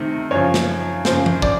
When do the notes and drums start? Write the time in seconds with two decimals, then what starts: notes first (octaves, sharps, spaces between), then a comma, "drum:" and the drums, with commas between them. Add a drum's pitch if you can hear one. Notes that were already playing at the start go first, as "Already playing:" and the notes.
Already playing: C3 D#3 A3
0.31 F#2 C#3 F3 C#5
0.54 drum: snare
1.05 F#2 C#3 F3 C5, drum: snare
1.26 drum: tom E3
1.42 D5, drum: kick